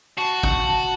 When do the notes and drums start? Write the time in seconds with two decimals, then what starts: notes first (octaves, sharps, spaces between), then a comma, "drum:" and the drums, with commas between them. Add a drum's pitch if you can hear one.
0.18 F#4 A5
0.43 drum: kick